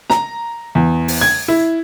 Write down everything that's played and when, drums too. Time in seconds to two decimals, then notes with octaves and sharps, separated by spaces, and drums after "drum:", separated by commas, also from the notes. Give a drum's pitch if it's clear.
0.10 A#5, drum: snare
0.75 E2
1.08 drum: open hi-hat
1.21 G#6
1.48 E4